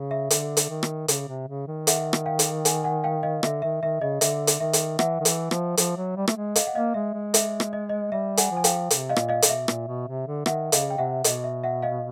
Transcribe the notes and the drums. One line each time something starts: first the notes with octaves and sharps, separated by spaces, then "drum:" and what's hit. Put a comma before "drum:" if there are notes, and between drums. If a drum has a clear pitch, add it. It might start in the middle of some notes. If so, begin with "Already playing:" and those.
Already playing: C#3
E5
D3, drum: hi-hat
drum: hi-hat
D#3
drum: rim click
C#3, drum: hi-hat
C3
C#3
D#3
E5 F#5, drum: hi-hat
drum: rim click
F5 G5
drum: hi-hat
F#5 G#5, drum: hi-hat
F#5 G#5
F5 G5
D#5 F5
D3 E5, drum: rim click
D#3 E5
D#3 E5
C#3 D#5
D3 E5, drum: hi-hat
drum: hi-hat
D#3 E5
drum: hi-hat
E3 E5 F#5, drum: rim click
D#3
E3, drum: hi-hat
F3, drum: rim click
F3, drum: hi-hat
F#3
G3
A3, drum: rim click
G#3
D#5 F5, drum: hi-hat
F#5
A#3 D#5 F5
G#3 E5
G#3
E5, drum: hi-hat
drum: rim click
D#5
D#5
G3 E5
F#5 G#5, drum: hi-hat
F3
G#5
F5 G5, drum: hi-hat
C3, drum: hi-hat
D#5 F5
A#2, drum: rim click
D#5 F5
B2, drum: hi-hat
E5
A#2, drum: rim click
B2
C3
D3
D#3 E5 F#5, drum: rim click
C#3 D#5 F5, drum: hi-hat
G5
C3 E5 F#5
B2 D#5, drum: hi-hat
E5
E5 F#5
D#5 F5